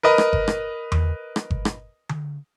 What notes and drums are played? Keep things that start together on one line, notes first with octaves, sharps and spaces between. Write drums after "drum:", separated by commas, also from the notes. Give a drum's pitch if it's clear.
A#4 B4 D#5
drum: rim click
drum: kick G1
drum: rim click
drum: tom E2
drum: rim click
drum: kick G1
drum: rim click
drum: tom D3